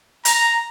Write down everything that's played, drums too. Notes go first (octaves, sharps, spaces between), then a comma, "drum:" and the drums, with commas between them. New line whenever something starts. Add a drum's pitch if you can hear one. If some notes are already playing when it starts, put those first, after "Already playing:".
A#5, drum: hi-hat